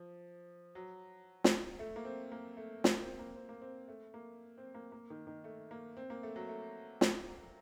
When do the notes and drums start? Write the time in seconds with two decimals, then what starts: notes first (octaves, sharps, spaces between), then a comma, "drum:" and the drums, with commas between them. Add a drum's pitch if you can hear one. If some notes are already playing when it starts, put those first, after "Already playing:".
Already playing: F3
0.75 F#3
1.44 drum: snare
1.79 A3
1.96 A#3
2.05 C4
2.32 A#3
2.57 A3
2.84 A#3, drum: snare
3.01 C4
3.19 A#3
3.36 C4
3.49 A#3
3.62 C4
3.88 A3
4.14 A#3
4.58 C4
4.75 A#3
4.92 A#3
5.10 D#3
5.27 D#3
5.44 A3
5.71 A#3
5.97 C4
6.10 A#3
6.23 A3
6.36 F#3
6.49 A3
7.01 drum: snare